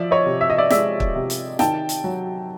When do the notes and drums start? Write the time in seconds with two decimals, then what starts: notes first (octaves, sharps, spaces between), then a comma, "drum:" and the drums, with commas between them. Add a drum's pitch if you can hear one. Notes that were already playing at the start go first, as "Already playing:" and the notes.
Already playing: F3 D5 E5
0.11 C#5 D#5
0.26 C3
0.41 E5
0.50 D#5
0.58 D5 E5
0.70 G#3 D5 E5, drum: snare
1.00 drum: kick
1.15 C3
1.30 drum: hi-hat
1.59 D#3 G5 A5, drum: snare
1.89 drum: hi-hat
2.04 F#3